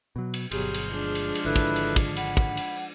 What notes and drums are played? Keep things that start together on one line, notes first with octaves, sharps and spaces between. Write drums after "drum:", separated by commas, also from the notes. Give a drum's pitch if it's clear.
B2 F#3
drum: cymbal
G1 B2 F#3 G4 G#4 C6 F6 G6, drum: cymbal
drum: cymbal
F3 G#3 D4 G#4
drum: cymbal
drum: cymbal
G#1 D3 E4 A4 B4
drum: kick, cymbal
drum: cymbal
drum: kick, cymbal
F#5 B5, drum: cymbal
drum: kick
drum: cymbal